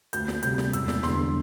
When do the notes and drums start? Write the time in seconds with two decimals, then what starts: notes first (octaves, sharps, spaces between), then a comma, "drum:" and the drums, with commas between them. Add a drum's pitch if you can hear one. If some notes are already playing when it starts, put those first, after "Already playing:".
0.13 D2 G6, drum: hi-hat
0.28 drum: snare
0.43 C3 G3 G6, drum: hi-hat
0.58 drum: snare
0.73 E1 E6, drum: hi-hat
0.88 drum: snare
1.03 E2 D3 G3 C6, drum: snare